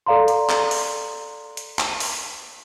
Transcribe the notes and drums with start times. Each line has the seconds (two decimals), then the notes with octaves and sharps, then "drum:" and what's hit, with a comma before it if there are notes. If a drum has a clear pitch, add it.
0.06 A4 D5 F5 A#5 C6
0.28 drum: hi-hat
0.50 drum: clap
0.71 drum: open hi-hat
1.57 drum: hi-hat
1.79 drum: clap
2.00 drum: open hi-hat